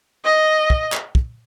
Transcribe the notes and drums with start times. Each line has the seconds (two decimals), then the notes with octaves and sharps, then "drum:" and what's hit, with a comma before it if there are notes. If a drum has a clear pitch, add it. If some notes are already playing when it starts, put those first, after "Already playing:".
0.25 D#5
0.70 drum: kick
0.92 drum: clap
1.15 drum: kick